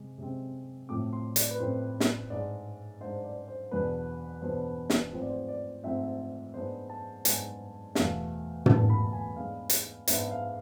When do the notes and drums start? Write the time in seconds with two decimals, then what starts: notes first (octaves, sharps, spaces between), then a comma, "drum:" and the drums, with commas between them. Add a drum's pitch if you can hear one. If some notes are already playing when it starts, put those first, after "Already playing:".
Already playing: C3 G#3
0.18 C3 G#3 C4
0.89 A2 F3 A3 C4 D6
1.13 C6
1.36 D5, drum: hi-hat
1.51 B4
1.59 A2 F3 A3 C4 C5
2.00 drum: snare
2.30 G#2 G#3 D4 D5
3.00 G#2 G#3 D4 C5
3.24 D5
3.48 C5
3.71 E2 B2 B3 D4 B4
4.42 E2 B2 B3 D4 C5
4.90 drum: snare
5.13 G#2 F3 A3 C4 C5
5.22 D5
5.30 C5
5.48 D5
5.83 G#2 F3 A3 C4 E5
6.54 G#2 G#3 B3 D4 C5
6.89 A5
7.25 G#2 G#3 B3 D4 G#5, drum: hi-hat
7.95 E2 B2 A3 F5, drum: snare
8.66 E2 B2 A3 A5, drum: tom
8.90 B5
9.13 G#5
9.36 G#2 G#3 B3 D4 F5
9.70 drum: hi-hat
10.08 G#2 G#3 B3 D4 E5, drum: hi-hat
10.31 F5